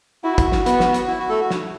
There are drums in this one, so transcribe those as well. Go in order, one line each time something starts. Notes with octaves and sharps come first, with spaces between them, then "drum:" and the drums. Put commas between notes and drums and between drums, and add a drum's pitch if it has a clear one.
E4 F#4
drum: kick G1, hi-hat
drum: snare
B3, drum: hi-hat
drum: snare
drum: hi-hat
E4
F#4
A3 A4
F#4
drum: snare